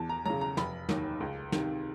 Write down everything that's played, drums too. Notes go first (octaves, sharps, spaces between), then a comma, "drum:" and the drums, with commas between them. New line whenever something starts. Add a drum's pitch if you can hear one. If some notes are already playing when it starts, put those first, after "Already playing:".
Already playing: E2 A5
A#5
C#3 F#3 A#5
A#5
F1 B5, drum: snare
D#2 D#3 F#3, drum: snare
C#2
C3 D#3, drum: snare